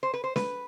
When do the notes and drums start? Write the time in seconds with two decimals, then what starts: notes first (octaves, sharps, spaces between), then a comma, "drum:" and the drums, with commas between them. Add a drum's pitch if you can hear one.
0.03 C5
0.14 B4
0.24 C5
0.36 B4, drum: snare